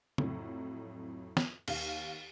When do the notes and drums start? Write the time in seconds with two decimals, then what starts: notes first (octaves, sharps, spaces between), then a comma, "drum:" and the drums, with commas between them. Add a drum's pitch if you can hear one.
0.18 F2 A2 F#3, drum: tom
1.37 drum: snare
1.68 D#2 F5, drum: cymbal